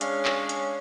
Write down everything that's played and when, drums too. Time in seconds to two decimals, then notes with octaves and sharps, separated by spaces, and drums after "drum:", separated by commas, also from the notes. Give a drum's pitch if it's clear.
0.01 G#3 C#4 D4 C#5 F5, drum: hi-hat
0.25 drum: clap
0.49 drum: hi-hat